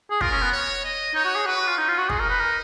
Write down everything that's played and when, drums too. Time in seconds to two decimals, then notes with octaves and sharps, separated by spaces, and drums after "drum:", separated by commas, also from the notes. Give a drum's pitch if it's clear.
0.11 G#4
0.21 F4 A#4, drum: kick
0.32 C#4
0.42 B3
0.52 C#5
0.84 D#5
1.15 D#4 C#5
1.25 F#4
1.36 G#4
1.46 F#4 B4
1.56 F#4
1.67 F4
1.77 C#4 D#4
1.88 F4
1.98 F#4
2.09 D#4 G#4, drum: kick
2.19 A#4
2.30 B4
2.41 A#4